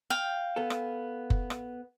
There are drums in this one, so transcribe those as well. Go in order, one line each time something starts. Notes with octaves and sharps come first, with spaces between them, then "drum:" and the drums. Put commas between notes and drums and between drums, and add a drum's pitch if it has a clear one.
F5 G5
B3 A4
drum: rim click
drum: kick F#1
drum: rim click